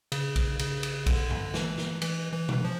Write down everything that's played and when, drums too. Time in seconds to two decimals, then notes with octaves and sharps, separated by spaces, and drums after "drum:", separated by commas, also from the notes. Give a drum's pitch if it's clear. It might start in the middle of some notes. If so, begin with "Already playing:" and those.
0.12 C#3, drum: cymbal
0.36 drum: kick A#1, cymbal
0.59 C#3, drum: cymbal
0.83 drum: cymbal
1.06 D3, drum: kick A#1, cymbal
1.30 drum: tom G2
1.54 E3, drum: snare
1.78 drum: snare
2.02 E3, drum: cymbal
2.33 E3
2.49 drum: tom B2
2.64 F3